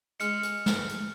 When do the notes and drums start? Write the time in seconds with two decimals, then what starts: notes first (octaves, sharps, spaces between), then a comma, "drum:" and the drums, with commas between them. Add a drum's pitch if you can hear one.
0.20 G#3 F6 C#7, drum: hi-hat
0.43 drum: hi-hat
0.66 drum: snare
0.89 drum: hi-hat